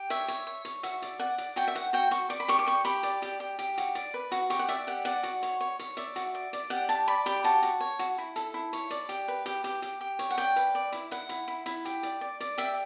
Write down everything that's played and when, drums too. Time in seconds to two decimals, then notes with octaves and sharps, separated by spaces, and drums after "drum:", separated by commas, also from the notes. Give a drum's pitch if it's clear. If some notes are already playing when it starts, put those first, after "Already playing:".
Already playing: G4
0.10 C#5 E5, drum: hi-hat
0.28 C#5, drum: hi-hat
0.47 C#5
0.65 C#5, drum: hi-hat
0.83 F#4 E5, drum: hi-hat
1.02 D5, drum: hi-hat
1.19 D5 F#5
1.38 D5, drum: hi-hat
1.56 F#4 G5, drum: hi-hat
1.68 E5
1.75 F#4 F#5, drum: hi-hat
1.93 F#4 G5
2.11 F#4 C#6, drum: hi-hat
2.30 D5 D6, drum: hi-hat
2.40 B5
2.48 G4 C#6, drum: hi-hat
2.59 D6
2.66 G4 C#6
2.85 G4 B5, drum: hi-hat
3.03 D5, drum: hi-hat
3.22 G4, drum: hi-hat
3.40 G4
3.59 G4, drum: hi-hat
3.78 F#4, drum: hi-hat
3.95 D5, drum: hi-hat
4.14 B4
4.32 F#4, drum: hi-hat
4.50 G4 C#6, drum: hi-hat
4.59 F#5
4.69 D5 E5, drum: hi-hat
4.87 G4 F#5
5.05 D5 F#5, drum: hi-hat
5.23 F#4, drum: hi-hat
5.43 C#5, drum: hi-hat
5.61 C#5
5.79 C#5, drum: hi-hat
5.97 D5 E5, drum: hi-hat
6.16 F#4, drum: hi-hat
6.35 D5
6.53 D5, drum: hi-hat
6.70 G4 F#5, drum: hi-hat
6.89 D5 A5, drum: hi-hat
7.08 D5 B5
7.26 G4 B5, drum: hi-hat
7.44 F#4 A5, drum: hi-hat
7.63 F#4, drum: hi-hat
7.80 C#5
7.99 F#4, drum: hi-hat
8.18 E4
8.36 A4, drum: hi-hat
8.54 E4
8.73 C#5, drum: hi-hat
8.91 D5, drum: hi-hat
9.09 G4, drum: hi-hat
9.28 B4
9.46 G4, drum: hi-hat
9.64 G4, drum: hi-hat
9.82 G4, drum: hi-hat
10.01 G4
10.19 C#5, drum: hi-hat
10.31 F#5
10.38 D5 G5, drum: hi-hat
10.56 B4, drum: hi-hat
10.75 D5
10.92 E4, drum: hi-hat
11.11 E4 F#5, drum: hi-hat
11.29 E4, drum: hi-hat
11.48 E4
11.66 E4, drum: hi-hat
11.85 G4, drum: hi-hat
12.03 D5, drum: hi-hat
12.21 D5
12.40 D5, drum: hi-hat
12.58 G4 E5, drum: hi-hat